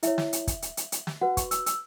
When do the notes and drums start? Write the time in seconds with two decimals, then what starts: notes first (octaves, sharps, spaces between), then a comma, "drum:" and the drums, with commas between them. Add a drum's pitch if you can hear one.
0.03 E4 C#5 E5, drum: hi-hat
0.18 drum: snare
0.33 drum: hi-hat
0.48 drum: kick, hi-hat
0.62 drum: hi-hat
0.77 drum: hi-hat
0.92 drum: hi-hat
1.07 drum: snare
1.21 F#4 B4 F#5
1.37 C#6, drum: kick, hi-hat
1.51 E6, drum: hi-hat
1.66 E6, drum: hi-hat